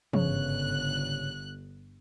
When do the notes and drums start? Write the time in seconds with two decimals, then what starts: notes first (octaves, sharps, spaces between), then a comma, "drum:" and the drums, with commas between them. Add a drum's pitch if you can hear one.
0.13 G1 G#2 C#3 C#5 F#6, drum: tom E3